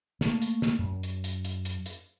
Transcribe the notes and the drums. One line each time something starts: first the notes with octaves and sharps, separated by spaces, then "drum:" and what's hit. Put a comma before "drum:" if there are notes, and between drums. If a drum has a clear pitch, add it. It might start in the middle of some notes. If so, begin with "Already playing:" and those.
A3 A#3, drum: snare
drum: hi-hat
drum: snare
F#2
drum: hi-hat
drum: hi-hat
drum: hi-hat
drum: hi-hat
drum: hi-hat